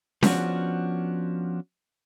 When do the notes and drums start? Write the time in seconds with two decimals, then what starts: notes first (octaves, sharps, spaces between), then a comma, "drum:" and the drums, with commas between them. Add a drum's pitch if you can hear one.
0.23 F3 B3 C#4 D4 F#4, drum: snare C#4